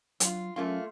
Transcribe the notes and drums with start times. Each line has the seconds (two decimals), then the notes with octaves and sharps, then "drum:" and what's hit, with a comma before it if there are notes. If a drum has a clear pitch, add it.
0.20 F#3 F4 F#4, drum: hi-hat
0.56 F#3 A3 A#3 C#4 F4 C6